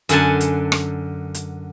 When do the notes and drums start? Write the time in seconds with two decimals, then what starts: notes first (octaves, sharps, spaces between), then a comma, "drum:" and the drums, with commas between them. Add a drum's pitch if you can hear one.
0.09 F#2 D3 F#5 G#5 A5, drum: hi-hat
0.40 drum: hi-hat
0.72 drum: rim click
1.34 drum: hi-hat